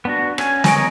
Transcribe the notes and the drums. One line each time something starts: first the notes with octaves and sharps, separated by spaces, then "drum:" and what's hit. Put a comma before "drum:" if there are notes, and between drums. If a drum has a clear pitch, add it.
B3 D4 F#4
C#4 G#5, drum: rim click
A#4 C#5 D#5 G#5 D7, drum: snare